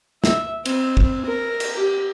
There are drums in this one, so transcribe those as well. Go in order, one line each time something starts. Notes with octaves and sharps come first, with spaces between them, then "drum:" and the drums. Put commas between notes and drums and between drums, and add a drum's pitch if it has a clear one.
E5, drum: snare
C4, drum: cymbal
drum: kick
A#4
drum: cymbal
G4